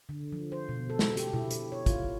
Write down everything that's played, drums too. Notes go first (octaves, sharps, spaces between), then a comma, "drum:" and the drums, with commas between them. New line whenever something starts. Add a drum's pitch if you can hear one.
D3
F3
C5
B2
A4
drum: snare
G4, drum: hi-hat
E4, drum: tom B2
drum: hi-hat
C#5
F4, drum: kick, hi-hat